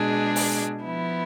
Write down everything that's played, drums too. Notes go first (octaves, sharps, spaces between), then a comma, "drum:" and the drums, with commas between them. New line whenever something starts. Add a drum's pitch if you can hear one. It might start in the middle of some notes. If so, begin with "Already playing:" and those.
Already playing: B2 G#3 D4 G#4
drum: open hi-hat
F3 B3 E4